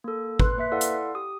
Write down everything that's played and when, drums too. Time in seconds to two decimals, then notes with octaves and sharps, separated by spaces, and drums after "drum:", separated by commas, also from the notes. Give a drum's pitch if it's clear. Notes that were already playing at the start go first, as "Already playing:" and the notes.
0.04 A#3 A4
0.40 B4 C6 F#6, drum: kick
0.57 A#3 B4 E5 B6
0.72 E4 A4 D5 F5 F#5 C6
0.81 drum: hi-hat
1.15 G4 D#6